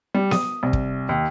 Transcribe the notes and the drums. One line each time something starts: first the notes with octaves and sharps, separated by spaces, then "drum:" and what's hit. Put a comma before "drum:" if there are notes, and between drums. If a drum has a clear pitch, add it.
G3
D#6, drum: snare B3
C2
drum: kick
D#2